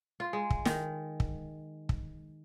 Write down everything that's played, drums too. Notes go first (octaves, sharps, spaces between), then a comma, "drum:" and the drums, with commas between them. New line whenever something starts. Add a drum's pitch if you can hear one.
F4
G#3
drum: kick
D#3, drum: snare
drum: kick
drum: kick